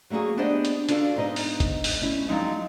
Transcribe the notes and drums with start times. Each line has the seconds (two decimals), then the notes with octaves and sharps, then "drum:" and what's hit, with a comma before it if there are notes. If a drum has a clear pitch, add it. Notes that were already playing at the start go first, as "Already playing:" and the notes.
0.10 F#3 A3 A#3 F#4 G#4
0.37 B3 D4 G4 C5 D#5
0.65 drum: hi-hat
0.89 D4 F4 F#4 A4 F5, drum: hi-hat
1.16 G#2 B3 D#4 D#5
1.36 drum: open hi-hat
1.60 drum: kick G1, hi-hat
1.84 drum: open hi-hat
2.00 A3 C#4 E4
2.28 F3 F#3 G#3 C4 D#4 E4